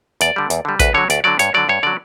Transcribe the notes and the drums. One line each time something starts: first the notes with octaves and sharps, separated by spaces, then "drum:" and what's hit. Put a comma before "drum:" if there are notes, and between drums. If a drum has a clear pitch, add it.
E2 D5, drum: hi-hat
D3 G3
E2, drum: hi-hat
D3 G3
D2 B4, drum: kick, hi-hat
D3 F#3 C#5
D2 D5, drum: hi-hat
D3 F#3 D5
G2 C#5, drum: hi-hat
D3 F#3 D5
G2 C#5
D3 F#3 D5